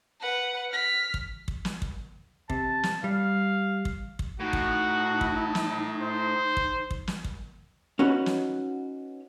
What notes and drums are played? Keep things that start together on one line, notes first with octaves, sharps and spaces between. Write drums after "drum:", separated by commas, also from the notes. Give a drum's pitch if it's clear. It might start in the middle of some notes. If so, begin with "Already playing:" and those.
B4 F#5
F6 B6
drum: kick
drum: kick
drum: snare
drum: kick
C3 A5, drum: kick
drum: snare
G3 F5
drum: kick
drum: kick
A2 D#4 F#4
drum: kick
drum: kick
drum: snare
C5
drum: kick
drum: kick
drum: snare
drum: kick
C#4 D#4 F#4 B4
drum: snare